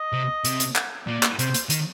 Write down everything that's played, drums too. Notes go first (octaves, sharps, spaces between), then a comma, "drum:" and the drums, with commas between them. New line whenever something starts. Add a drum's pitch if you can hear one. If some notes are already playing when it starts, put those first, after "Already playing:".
Already playing: D#5
C3
C3, drum: hi-hat
drum: hi-hat
drum: clap
A#2 D5
drum: clap
C3 C5, drum: hi-hat
drum: hi-hat
D#3, drum: hi-hat